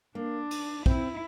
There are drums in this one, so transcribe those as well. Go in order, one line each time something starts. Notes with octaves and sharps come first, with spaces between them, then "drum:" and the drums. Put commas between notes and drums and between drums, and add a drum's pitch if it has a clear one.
A#3 D4
drum: cymbal
C4 E4, drum: kick